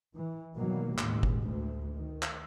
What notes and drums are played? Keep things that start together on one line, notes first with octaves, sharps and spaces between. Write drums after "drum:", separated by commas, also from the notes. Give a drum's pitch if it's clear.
E3
B2 D#3 F#3 G3 A#3
A1 D#2 B2 G#3, drum: clap
drum: kick G1
D2
D#3
drum: clap